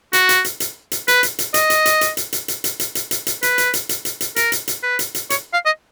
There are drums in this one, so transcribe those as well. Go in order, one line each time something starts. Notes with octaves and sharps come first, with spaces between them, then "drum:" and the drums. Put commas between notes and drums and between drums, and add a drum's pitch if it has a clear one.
F#4, drum: hi-hat
drum: hi-hat
drum: hi-hat
drum: hi-hat
drum: hi-hat
B4, drum: hi-hat
drum: hi-hat
drum: hi-hat
D#5, drum: hi-hat
drum: hi-hat
drum: hi-hat
drum: hi-hat
drum: hi-hat
drum: hi-hat
drum: hi-hat
drum: hi-hat
drum: hi-hat
drum: hi-hat
drum: hi-hat
drum: hi-hat
B4, drum: hi-hat
drum: hi-hat
drum: hi-hat
drum: hi-hat
drum: hi-hat
drum: hi-hat
A#4, drum: hi-hat
drum: hi-hat
drum: hi-hat
B4
drum: hi-hat
drum: hi-hat
C#5, drum: hi-hat
F5
D#5